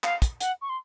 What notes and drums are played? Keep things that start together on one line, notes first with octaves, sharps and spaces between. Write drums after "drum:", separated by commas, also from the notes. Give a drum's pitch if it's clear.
F5, drum: clap
drum: kick, hi-hat
F#5, drum: hi-hat
C#6
C6